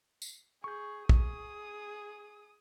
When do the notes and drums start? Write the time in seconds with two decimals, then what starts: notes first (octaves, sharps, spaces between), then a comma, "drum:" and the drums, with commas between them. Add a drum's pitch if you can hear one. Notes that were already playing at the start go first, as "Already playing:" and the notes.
0.22 drum: tambourine
0.64 G#4 C#6 G6
1.09 G#4 D#6, drum: kick